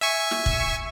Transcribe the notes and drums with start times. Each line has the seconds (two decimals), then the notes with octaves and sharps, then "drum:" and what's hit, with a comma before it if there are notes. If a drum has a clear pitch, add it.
0.01 E5 G#5 C#6
0.31 drum: snare
0.46 drum: kick